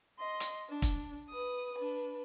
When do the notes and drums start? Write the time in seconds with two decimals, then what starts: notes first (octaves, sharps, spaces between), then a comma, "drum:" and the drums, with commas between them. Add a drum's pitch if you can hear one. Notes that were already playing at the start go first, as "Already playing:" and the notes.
0.19 D#5 C6
0.40 drum: hi-hat
0.69 D4
0.82 drum: kick, hi-hat
1.30 B4 D#6
1.74 D4 B4